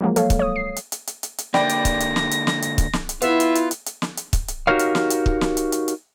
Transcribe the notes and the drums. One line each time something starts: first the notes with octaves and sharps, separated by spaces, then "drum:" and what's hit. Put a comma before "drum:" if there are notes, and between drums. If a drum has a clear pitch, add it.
F3 F#3 G#3 A#3
A4 C#5 F5, drum: hi-hat
drum: kick, hi-hat
C#5 D#6
C7
drum: hi-hat
drum: hi-hat
drum: hi-hat
drum: hi-hat
drum: hi-hat
D3 A#3 D5 G5 B5 A#6, drum: snare
drum: hi-hat
drum: kick, hi-hat
drum: hi-hat
drum: snare
drum: hi-hat
drum: snare
drum: hi-hat
drum: kick, hi-hat
drum: snare
drum: hi-hat
B3 E4 F4 E5, drum: hi-hat
drum: hi-hat
drum: hi-hat
drum: hi-hat
drum: hi-hat
drum: snare
drum: hi-hat
drum: kick, hi-hat
drum: hi-hat
D#4 F#4 G4 A#4 C#5 F5
drum: hi-hat
drum: snare
drum: hi-hat
drum: kick
drum: snare
drum: hi-hat
drum: hi-hat
drum: hi-hat